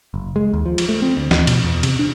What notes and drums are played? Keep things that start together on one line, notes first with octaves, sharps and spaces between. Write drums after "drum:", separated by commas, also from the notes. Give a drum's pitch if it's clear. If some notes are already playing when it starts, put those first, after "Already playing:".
F#1
G#3
D#2
F3
drum: cymbal
A3
C4
D2
D#2, drum: snare
B2, drum: cymbal
E2
C3, drum: cymbal
D4